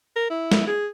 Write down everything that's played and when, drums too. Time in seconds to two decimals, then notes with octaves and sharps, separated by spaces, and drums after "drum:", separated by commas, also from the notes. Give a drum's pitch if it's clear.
0.16 A#4
0.30 E4
0.52 drum: snare
0.67 G#4